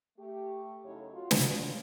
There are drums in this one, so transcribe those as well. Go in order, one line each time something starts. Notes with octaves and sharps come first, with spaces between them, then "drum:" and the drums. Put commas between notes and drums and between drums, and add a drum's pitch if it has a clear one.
A3 G4
F#2 C#3 D#4 E4 A4 C#5
F4 F#4
drum: snare
F#3 A#3 B3 C#4 F4